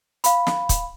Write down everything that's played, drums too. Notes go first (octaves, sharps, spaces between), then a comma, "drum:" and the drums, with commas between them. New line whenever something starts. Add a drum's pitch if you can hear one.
F5 B5, drum: hi-hat
drum: snare
drum: kick, hi-hat